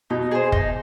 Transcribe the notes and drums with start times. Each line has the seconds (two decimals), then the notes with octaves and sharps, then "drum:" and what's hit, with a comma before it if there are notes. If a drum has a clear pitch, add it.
0.10 B2 D#4
0.31 G#4 C5
0.52 D#4, drum: kick